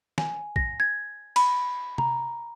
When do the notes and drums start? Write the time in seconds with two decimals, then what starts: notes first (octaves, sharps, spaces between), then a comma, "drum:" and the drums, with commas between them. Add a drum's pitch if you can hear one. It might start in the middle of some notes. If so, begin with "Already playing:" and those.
0.18 G#5, drum: snare
0.56 A#6, drum: kick
0.80 G#6
1.36 B5, drum: cymbal
1.98 A#5, drum: tom C3